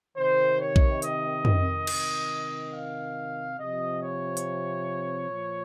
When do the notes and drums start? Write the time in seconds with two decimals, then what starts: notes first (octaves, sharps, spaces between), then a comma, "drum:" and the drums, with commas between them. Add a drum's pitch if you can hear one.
0.16 C3 D#3 C5
0.59 C#5
0.76 drum: kick A#1
1.02 D#5, drum: hi-hat
1.45 drum: tom
1.87 C3 D#3, drum: cymbal
2.73 F5
3.59 C3 F3 D#5
4.02 C#5
4.37 drum: hi-hat
5.30 A#2 F3